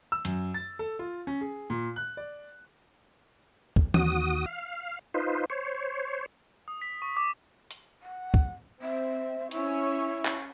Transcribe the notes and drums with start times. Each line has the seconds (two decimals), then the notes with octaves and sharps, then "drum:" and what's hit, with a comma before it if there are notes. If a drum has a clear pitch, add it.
0.12 E6
0.25 F#2, drum: hi-hat
0.54 A6
0.79 A4
0.99 F4
1.27 C#4
1.41 G#4
1.70 A#2
1.96 F#6
2.17 D5
3.76 drum: kick
3.94 D#2 F#4 D#6, drum: tom E3
4.46 F5
5.14 D#4 F4 B4 C5
5.50 C5 C#5
6.68 D#6
6.82 B6
7.02 C#6
7.17 D6
7.71 drum: hi-hat
8.02 F#5
8.34 drum: kick
8.81 C4 E5
9.51 C#4 E4 C#5, drum: hi-hat
10.25 drum: clap